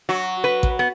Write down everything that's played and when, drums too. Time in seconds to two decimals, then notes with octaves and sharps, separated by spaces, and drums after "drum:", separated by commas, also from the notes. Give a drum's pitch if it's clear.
0.09 F#3 F#4
0.44 B4
0.63 drum: kick A1
0.79 B3